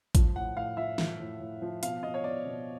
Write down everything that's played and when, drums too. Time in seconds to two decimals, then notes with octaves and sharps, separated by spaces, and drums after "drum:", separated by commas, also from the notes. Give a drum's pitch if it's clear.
0.15 F3, drum: kick A1, hi-hat
0.36 A2 F#5
0.57 A2 F5
0.77 F3 E5
0.98 F3, drum: snare
1.20 A2
1.40 A2
1.62 F3
1.83 B2 F5, drum: hi-hat
2.03 B2 D#5
2.14 C#5
2.24 B2 D5
2.46 B2